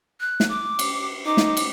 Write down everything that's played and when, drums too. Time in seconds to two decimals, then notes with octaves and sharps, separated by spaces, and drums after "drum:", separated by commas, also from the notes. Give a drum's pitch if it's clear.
0.20 F#6
0.40 drum: snare
0.49 D6
0.79 drum: cymbal
1.25 D#4 D6
1.37 drum: snare
1.57 drum: cymbal